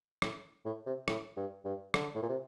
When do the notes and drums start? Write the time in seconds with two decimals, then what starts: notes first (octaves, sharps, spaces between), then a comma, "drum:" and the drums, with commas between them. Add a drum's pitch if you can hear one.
0.22 A2, drum: rim click
0.65 A2
0.86 C3
1.08 A2, drum: rim click
1.37 G2
1.65 G2
1.94 D3, drum: rim click
2.15 A2
2.22 A#2
2.29 C3